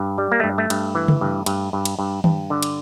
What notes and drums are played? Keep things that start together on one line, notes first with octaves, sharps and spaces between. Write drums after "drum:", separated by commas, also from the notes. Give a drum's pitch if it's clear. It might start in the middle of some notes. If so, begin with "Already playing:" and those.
Already playing: G2
G3
A#3
G2 A3
A3
G2, drum: cymbal
E3
drum: tom C#3
G2
G2, drum: cymbal
G2
drum: cymbal
G2
G2, drum: tom D#3
D3
drum: cymbal